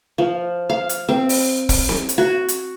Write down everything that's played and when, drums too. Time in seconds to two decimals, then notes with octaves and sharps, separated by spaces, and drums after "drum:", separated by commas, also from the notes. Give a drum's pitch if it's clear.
0.18 F3
0.70 F5
0.89 drum: hi-hat
1.09 C4
1.29 drum: open hi-hat
1.69 drum: kick, open hi-hat
1.89 drum: snare C4
2.09 drum: hi-hat
2.18 F#4
2.48 drum: hi-hat